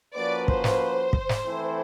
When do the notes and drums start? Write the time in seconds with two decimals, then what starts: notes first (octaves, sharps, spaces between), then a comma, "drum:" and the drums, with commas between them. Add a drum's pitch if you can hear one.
0.14 F3 A#3 C#4 F#4 B4 D5
0.48 C5, drum: kick
0.64 drum: snare
1.13 drum: kick
1.29 drum: snare
1.45 E3 A3 C4 E4 A4